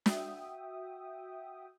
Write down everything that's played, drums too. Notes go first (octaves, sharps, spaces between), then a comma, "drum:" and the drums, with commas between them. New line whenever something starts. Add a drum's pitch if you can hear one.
F#4 E5 G5 D#6, drum: snare